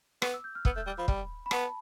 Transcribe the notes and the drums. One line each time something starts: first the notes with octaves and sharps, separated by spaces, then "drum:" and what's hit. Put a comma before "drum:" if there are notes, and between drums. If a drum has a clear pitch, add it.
B3 D6, drum: rim click
E6
G6
F6
B3 E6, drum: kick
A3 G6
G3 D6
F3 B5
G3, drum: kick
B5
B3 A5, drum: rim click